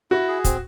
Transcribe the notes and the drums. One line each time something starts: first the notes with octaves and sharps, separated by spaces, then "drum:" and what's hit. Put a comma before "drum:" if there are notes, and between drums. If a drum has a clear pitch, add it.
E4 F#4
G#4
C4, drum: kick, hi-hat